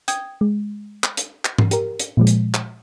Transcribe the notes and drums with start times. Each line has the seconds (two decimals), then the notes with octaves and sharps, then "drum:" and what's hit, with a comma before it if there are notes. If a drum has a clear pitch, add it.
0.08 G5 D#6 G#6, drum: hi-hat
0.41 G#3
1.04 drum: clap
1.17 drum: hi-hat
1.45 drum: clap
1.58 drum: tom G#2
1.71 G4 A#4, drum: hi-hat
2.00 drum: hi-hat
2.17 A#2 F3 G#3
2.27 drum: hi-hat
2.54 drum: clap